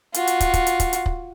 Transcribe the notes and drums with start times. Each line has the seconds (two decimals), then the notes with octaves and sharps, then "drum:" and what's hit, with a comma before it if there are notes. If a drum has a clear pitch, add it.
0.14 F4 F#4, drum: hi-hat
0.27 drum: hi-hat
0.41 drum: kick, hi-hat
0.54 drum: kick, hi-hat
0.67 drum: hi-hat
0.80 drum: kick, hi-hat
0.93 drum: hi-hat
1.06 drum: kick